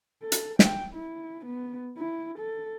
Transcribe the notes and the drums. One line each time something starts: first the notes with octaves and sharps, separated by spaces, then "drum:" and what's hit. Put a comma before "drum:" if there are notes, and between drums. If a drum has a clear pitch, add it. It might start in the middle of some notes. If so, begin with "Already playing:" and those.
A4
drum: hi-hat
G5, drum: snare
E4
B3
E4
A4